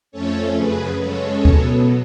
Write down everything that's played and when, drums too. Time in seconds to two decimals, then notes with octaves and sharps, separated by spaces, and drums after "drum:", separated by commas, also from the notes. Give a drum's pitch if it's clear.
0.12 F2 F3 A3 C#4 A4 C#5
0.56 F#2 C#3 F#3 G#4 B4
1.00 C#3 G#3 C#4 A4 C#5
1.45 B2 F#3 B3, drum: kick C#2